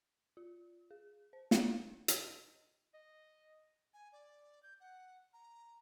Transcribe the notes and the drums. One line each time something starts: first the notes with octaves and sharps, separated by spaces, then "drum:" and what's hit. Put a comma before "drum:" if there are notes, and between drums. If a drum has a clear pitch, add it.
F4
G#4
C5
D4, drum: snare
D#5, drum: hi-hat
D#5
G#5
D5
G6
F#5
A#5